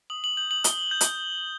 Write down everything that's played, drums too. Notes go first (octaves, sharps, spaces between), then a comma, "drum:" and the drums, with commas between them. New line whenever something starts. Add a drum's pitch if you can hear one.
D#6 F#7
F#7
G6 F#7
F#7
D#6 G7, drum: hi-hat
G6
drum: hi-hat